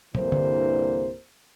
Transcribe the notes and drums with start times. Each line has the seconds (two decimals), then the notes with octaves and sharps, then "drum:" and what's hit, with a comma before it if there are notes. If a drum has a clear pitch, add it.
0.15 C2 G2 D3 E3 A#3 C5, drum: tom
0.32 drum: tom D3